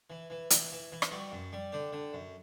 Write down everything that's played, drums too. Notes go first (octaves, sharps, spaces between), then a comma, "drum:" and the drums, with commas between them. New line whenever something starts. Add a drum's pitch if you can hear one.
E3
E3
E3, drum: hi-hat
E3
E3
drum: rim click
G3 F#4
F#2
G3
D3 G4
D3
F#2